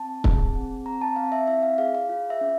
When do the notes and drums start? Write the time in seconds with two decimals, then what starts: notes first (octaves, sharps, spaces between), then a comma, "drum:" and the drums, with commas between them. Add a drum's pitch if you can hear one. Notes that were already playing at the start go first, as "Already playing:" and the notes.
Already playing: C4 A5
0.24 G#4, drum: kick
0.55 C4
0.86 C4 A#5
1.01 A5
1.16 C4 F5
1.32 E5
1.48 E4 E5
1.63 F5
1.78 G#4 F5
1.95 F5
2.09 F4
2.30 E5
2.41 C#4